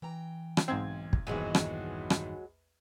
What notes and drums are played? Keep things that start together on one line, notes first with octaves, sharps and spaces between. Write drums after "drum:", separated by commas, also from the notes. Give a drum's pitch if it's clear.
E3 G5 A#5
drum: rim click
B1 G#2 C4 G#6
drum: kick
A#1 E2 G2 D#3 E3 F#3 G#3 F#4
drum: rim click
drum: rim click